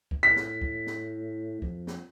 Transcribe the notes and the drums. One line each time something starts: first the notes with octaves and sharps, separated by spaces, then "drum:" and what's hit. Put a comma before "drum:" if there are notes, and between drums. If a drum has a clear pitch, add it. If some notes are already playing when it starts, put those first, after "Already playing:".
drum: kick
A2 B6
drum: snare
drum: kick
drum: snare
F2, drum: kick
drum: snare